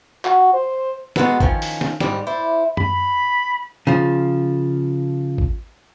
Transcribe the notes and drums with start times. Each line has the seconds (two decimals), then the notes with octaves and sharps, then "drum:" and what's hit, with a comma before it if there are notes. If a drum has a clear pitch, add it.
0.25 F#4, drum: clap
0.54 C5
1.16 F#3 G#3 B3 F#4 A4 B4, drum: snare
1.40 D#3 F3 C#4, drum: kick G#1
1.62 drum: open hi-hat
1.81 drum: snare
2.00 G#2 G3, drum: snare
2.27 E4 C5 D5
2.77 B5, drum: tom F#2
3.87 C#3 F3
5.38 drum: kick G#1